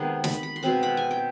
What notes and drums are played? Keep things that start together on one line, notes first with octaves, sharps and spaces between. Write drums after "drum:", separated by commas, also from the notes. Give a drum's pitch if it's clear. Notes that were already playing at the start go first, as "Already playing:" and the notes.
Already playing: C3 D#3 G#3 B3
B5, drum: snare
B5
C6
B2 G#3 C4 B5
B5
G#5
G5